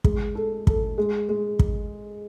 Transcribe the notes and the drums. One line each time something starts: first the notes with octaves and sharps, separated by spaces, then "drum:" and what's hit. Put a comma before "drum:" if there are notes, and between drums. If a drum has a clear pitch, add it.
G#3, drum: kick
A4
A4, drum: kick
G#3
G#3
drum: kick